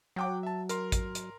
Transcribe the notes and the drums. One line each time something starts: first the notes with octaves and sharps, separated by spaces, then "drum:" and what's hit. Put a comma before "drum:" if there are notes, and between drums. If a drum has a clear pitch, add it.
F#3 F#5 G5 D6
E5 A5
A#4 C6, drum: hi-hat
drum: kick A1, hi-hat
drum: hi-hat